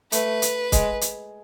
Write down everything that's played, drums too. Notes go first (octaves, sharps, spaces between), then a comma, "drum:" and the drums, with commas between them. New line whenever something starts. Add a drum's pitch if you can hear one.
A3 B4, drum: hi-hat
drum: hi-hat
G#3, drum: kick, hi-hat
drum: hi-hat